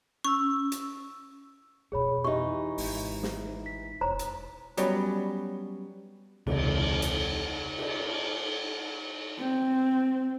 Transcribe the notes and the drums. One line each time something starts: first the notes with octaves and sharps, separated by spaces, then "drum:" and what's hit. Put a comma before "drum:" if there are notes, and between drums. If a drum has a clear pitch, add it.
C#4 C#6 E6
drum: hi-hat
F2 B2 G#4 C#5 B5
E3 D#4 G4 C#6
G#1, drum: open hi-hat
drum: snare
B6
E1 C5 C#5 A#5
drum: hi-hat
F#3 G3 B3 C#4, drum: hi-hat
E1 C#2 C3, drum: cymbal
drum: hi-hat
drum: cymbal
C4